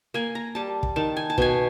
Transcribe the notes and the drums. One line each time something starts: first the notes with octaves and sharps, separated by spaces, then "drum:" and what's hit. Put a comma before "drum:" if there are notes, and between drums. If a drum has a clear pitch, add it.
A#3 G#5
A#5
G3 A5
drum: kick
D#3 A5
G#5
A5
B2 G#5, drum: kick